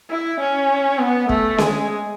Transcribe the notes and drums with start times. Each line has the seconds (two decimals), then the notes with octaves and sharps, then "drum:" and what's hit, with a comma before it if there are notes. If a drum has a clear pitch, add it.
0.10 E4
0.40 C#4
1.00 B3
1.29 A3, drum: kick
1.58 G#3, drum: snare C#4